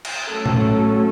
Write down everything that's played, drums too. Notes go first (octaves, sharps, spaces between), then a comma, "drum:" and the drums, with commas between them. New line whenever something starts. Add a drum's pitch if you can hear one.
drum: cymbal
F#3 A3 C#4 A4
drum: tom A2